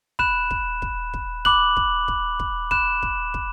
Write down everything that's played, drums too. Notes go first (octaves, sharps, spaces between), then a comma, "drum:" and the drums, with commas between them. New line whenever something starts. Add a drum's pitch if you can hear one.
B5 F#6 E7, drum: kick
drum: kick
drum: kick
drum: kick
B5 D6 F#6 F#7, drum: kick
drum: kick
drum: kick
drum: kick
B5 F#6 E7, drum: kick
drum: kick
drum: kick